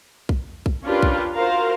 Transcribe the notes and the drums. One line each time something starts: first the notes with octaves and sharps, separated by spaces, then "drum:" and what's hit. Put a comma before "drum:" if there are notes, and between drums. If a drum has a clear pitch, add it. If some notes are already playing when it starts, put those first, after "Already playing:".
drum: kick B1
drum: kick B1
C#4 D4 F4 G4 A#4 B4
drum: kick B1
F4 F#4 A#4 C5 F5 A#5